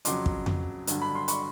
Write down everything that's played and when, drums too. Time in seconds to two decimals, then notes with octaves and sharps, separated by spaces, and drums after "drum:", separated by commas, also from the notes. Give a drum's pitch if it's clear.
0.05 F2 C#3 F#3 C6 D6, drum: hi-hat
0.26 drum: kick
0.46 drum: tom F2
0.87 G2 D3 F#3, drum: hi-hat
1.01 B5
1.15 C6
1.28 B5 C#6, drum: hi-hat